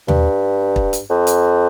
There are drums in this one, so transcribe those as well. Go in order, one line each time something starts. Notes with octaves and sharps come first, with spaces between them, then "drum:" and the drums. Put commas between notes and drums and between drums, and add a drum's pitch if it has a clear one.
G2, drum: tom D#2
drum: kick
drum: hi-hat
F2
drum: hi-hat